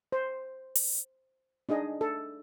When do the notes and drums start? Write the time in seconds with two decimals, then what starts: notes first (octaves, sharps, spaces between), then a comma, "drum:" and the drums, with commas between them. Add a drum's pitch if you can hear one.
0.12 C5
0.75 drum: open hi-hat
1.69 D4 D#4 G#4 D#5
2.01 A4